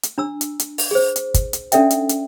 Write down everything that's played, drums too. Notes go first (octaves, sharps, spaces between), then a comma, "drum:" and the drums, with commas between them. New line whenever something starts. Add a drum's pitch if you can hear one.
drum: hi-hat
D4 A#5 E6
drum: hi-hat
drum: hi-hat
drum: open hi-hat
G#4 C5
drum: hi-hat
drum: kick, hi-hat
drum: hi-hat
C#4 D4 A4 D5 E5 G5, drum: hi-hat
drum: hi-hat
drum: hi-hat